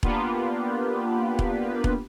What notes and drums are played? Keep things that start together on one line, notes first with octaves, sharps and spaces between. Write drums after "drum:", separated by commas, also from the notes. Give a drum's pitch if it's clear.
A#3 B3 D4 F4 G4 B4, drum: kick E1
drum: kick E1
drum: kick E1